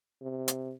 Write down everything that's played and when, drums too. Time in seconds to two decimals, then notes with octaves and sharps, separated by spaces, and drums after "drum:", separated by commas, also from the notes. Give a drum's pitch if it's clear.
0.22 C3
0.48 drum: hi-hat